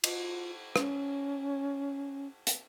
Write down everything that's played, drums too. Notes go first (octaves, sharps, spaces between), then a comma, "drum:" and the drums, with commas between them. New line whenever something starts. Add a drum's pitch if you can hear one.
F4, drum: cymbal
C#4, drum: rim click
drum: hi-hat